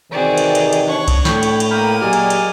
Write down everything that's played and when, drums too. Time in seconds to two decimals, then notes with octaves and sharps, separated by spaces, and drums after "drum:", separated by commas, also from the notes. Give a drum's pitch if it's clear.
0.12 C3 D#3 E3 C4 F#4 G#4 D5
0.38 drum: cymbal
0.55 drum: cymbal
0.73 drum: cymbal
0.87 D4 C#5 F#5 C#6
1.08 drum: kick C2, cymbal
1.25 A2 G5 B5, drum: snare
1.43 drum: cymbal
1.60 drum: cymbal
1.70 A#3 A#4 G5 B5 D#6
2.01 A#2 F#3 G#3 G4 D5 G#5 F6
2.13 drum: cymbal
2.30 drum: cymbal